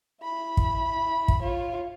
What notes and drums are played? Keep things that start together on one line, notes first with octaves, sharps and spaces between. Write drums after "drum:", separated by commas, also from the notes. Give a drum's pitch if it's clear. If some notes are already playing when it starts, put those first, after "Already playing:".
E4 B5
drum: kick
drum: kick
F4 C#5